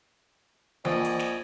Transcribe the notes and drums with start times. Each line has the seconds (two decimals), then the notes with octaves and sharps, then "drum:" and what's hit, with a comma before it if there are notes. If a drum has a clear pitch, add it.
0.85 A#1 F2 D5 D#5 G#5, drum: tom E3
1.05 drum: hi-hat
1.19 drum: snare